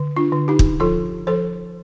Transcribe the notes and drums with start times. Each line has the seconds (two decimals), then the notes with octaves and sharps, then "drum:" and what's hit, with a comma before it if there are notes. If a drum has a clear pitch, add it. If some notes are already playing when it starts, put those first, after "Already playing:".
Already playing: D3
0.17 D4 F4
0.32 D3
0.48 D#4 G4
0.59 drum: kick
0.80 F3 F4 A4
1.27 F3 A4 C5